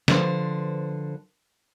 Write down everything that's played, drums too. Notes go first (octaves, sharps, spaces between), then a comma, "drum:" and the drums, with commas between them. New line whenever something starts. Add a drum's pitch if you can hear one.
D3 F3 B4 C5, drum: snare